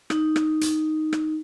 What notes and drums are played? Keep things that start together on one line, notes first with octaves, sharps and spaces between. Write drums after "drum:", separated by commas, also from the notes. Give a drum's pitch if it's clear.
D#4, drum: rim click
drum: rim click
drum: hi-hat
drum: rim click